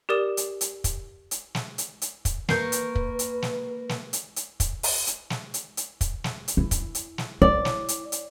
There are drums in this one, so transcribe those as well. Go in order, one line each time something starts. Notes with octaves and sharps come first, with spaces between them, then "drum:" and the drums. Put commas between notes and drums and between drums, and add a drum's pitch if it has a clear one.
G4 A#4 D5 D#6 E7
drum: hi-hat
drum: hi-hat
drum: kick, hi-hat
drum: hi-hat
drum: snare
drum: hi-hat
drum: hi-hat
drum: kick, hi-hat
A#3 A#4 B4 C#6 G6 C7, drum: snare
drum: hi-hat
drum: kick
drum: hi-hat
drum: snare
drum: snare
drum: hi-hat
drum: hi-hat
drum: kick, hi-hat
drum: open hi-hat
drum: hi-hat
drum: snare
drum: hi-hat
drum: hi-hat
drum: kick, hi-hat
drum: snare
drum: hi-hat
E4
drum: kick, hi-hat
drum: hi-hat
drum: snare
E4 D5
drum: snare
drum: hi-hat
drum: hi-hat